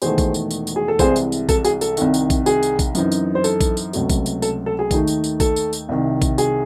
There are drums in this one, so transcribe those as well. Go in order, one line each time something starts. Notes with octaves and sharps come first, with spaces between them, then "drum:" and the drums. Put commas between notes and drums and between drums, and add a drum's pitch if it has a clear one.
E1 E2 D#3 A3 G#4 C5, drum: tambourine
drum: kick A#1, tambourine
drum: tambourine
drum: tambourine
drum: tambourine
G#4
A4
C2 C3 E3 G#3 G#4 C5, drum: kick A#1, tambourine
drum: tambourine
drum: tambourine
A4, drum: kick A#1, tambourine
G#4, drum: tambourine
A4, drum: tambourine
C2 C3 D#3, drum: tambourine
drum: tambourine
drum: kick A#1, tambourine
G#4, drum: tambourine
drum: tambourine
drum: kick A#1, tambourine
F#2 E3 C4 D#4, drum: tambourine
drum: tambourine
C5
A4, drum: tambourine
drum: kick A#1, tambourine
drum: tambourine
C#2 C3 F#3 A3, drum: tambourine
drum: kick A#1, tambourine
drum: tambourine
A4, drum: tambourine
A4
G#4
D#2 D#3 A3 D#4, drum: kick A#1, tambourine
drum: tambourine
drum: tambourine
A4, drum: kick A#1, tambourine
drum: tambourine
drum: tambourine
C2 C3 D#3
drum: kick A#1, tambourine
G#4, drum: tambourine